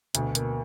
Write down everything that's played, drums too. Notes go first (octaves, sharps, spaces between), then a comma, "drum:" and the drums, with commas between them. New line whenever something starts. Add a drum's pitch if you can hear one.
D2 B2, drum: hi-hat
A#3, drum: hi-hat